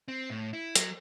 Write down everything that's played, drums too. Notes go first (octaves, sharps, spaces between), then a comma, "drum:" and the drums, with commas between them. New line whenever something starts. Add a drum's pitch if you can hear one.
C4
A2
E4
F#3, drum: hi-hat